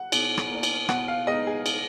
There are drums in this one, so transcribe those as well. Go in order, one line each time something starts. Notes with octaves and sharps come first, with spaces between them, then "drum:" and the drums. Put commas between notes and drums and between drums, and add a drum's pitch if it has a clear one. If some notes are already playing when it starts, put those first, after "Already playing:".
Already playing: F#5
B2, drum: cymbal
drum: rim click
A#3 D4
drum: cymbal
B2 F#5, drum: rim click
F5
G#3 B3 D#4 D#5
G#4
drum: cymbal